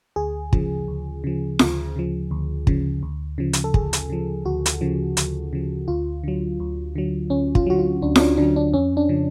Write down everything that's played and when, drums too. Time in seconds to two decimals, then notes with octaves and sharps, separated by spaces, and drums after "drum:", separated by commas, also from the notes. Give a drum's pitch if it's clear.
0.16 D2 G#4
0.53 C#3 F3, drum: kick
0.88 D2
1.24 C#3 F3
1.59 D2, drum: snare
1.96 C#3 F3
2.31 D2
2.67 C#3 F3, drum: kick
3.02 D2
3.38 C#3 F3
3.53 drum: hi-hat
3.64 A4
3.74 D2 G#4, drum: kick
3.93 drum: hi-hat
4.10 C#3 F3
4.45 D2 F#4
4.66 drum: hi-hat
4.81 C#3 F3
5.17 D2, drum: hi-hat
5.53 C#3 F3
5.88 D2 F4
6.24 D3 F#3
6.60 D2
6.95 D3 F#3
7.30 D2 C#4
7.55 F4, drum: kick
7.66 D3 F#3 F#4
7.79 F4
8.02 D2 D4
8.16 C#4, drum: snare
8.20 D4
8.37 D3 F#3 D4
8.56 D4
8.73 F2 C#4
8.97 D4
9.09 C#3 F3